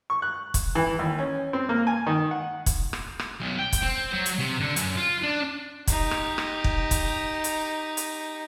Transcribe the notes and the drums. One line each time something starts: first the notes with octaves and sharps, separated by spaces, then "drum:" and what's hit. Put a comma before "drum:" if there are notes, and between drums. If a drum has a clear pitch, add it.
C#6
F#6
drum: kick, hi-hat
E3
D#2
C#4
C4
A#3
G#5
D#3
F#5
drum: kick, hi-hat
drum: rim click
drum: rim click
B1
G5
drum: kick, hi-hat
C4
F#3
drum: hi-hat
C3
D3
F#2, drum: hi-hat
F4
D4
D#4 G4, drum: kick, hi-hat
drum: rim click
drum: rim click
drum: kick
drum: kick, hi-hat
drum: hi-hat
drum: hi-hat